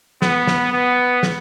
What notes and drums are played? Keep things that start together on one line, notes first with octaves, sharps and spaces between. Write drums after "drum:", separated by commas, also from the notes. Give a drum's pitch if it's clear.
B3, drum: snare
drum: snare
B3
drum: snare